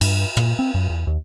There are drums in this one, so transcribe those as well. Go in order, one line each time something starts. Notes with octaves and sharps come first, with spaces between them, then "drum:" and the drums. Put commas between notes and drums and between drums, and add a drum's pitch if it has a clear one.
G2, drum: cymbal
A#2, drum: rim click
C4
F#2
E2
D#2